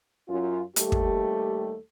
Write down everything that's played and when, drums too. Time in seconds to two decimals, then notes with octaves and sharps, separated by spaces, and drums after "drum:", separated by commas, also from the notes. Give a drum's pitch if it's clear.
0.29 F#2 F4
0.76 D#2 G3 A3 G4 A4, drum: hi-hat
0.92 drum: kick